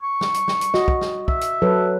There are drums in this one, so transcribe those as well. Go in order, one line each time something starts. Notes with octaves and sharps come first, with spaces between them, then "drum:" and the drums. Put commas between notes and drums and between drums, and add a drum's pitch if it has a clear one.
C#6
drum: snare
drum: hi-hat
drum: snare
drum: hi-hat
F#4 D#5, drum: snare
drum: kick
drum: snare
E5, drum: kick
drum: hi-hat
F#3 A4 B4